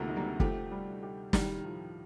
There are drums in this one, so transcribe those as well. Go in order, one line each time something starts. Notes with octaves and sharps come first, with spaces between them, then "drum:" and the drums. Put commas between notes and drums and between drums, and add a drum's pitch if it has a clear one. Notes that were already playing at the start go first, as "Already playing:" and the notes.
Already playing: D2 C3 D#3 F3 G3 A3 A#3
D#4
G3 A#3
F3 A3 G4, drum: kick
G3
G4
A2 D#3 G3, drum: snare
F3